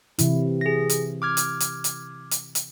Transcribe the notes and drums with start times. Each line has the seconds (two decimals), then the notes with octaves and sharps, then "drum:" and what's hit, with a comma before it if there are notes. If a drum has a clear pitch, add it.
0.19 C3 E3 E4, drum: hi-hat
0.61 G#4 A#6
0.89 drum: hi-hat
1.22 D6 F6 G#6
1.37 drum: hi-hat
1.60 drum: hi-hat
1.84 drum: hi-hat
2.31 drum: hi-hat
2.55 drum: hi-hat